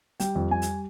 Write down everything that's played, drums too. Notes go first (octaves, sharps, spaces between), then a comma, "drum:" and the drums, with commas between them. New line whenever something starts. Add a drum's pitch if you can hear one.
G3 G5, drum: hi-hat
F2
G3 G#5
drum: hi-hat